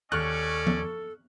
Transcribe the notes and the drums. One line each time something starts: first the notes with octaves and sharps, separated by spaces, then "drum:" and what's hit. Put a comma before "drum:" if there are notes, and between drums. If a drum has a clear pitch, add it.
D#2 C#4 A4 C#5 D5 C#6 F6 F#6
drum: tom